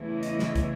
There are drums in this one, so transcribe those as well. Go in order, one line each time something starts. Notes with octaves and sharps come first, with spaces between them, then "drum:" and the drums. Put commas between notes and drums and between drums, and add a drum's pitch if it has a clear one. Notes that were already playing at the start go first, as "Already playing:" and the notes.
Already playing: E2 C#3 E3 A3 E4
D#5, drum: hi-hat
drum: snare
drum: kick, hi-hat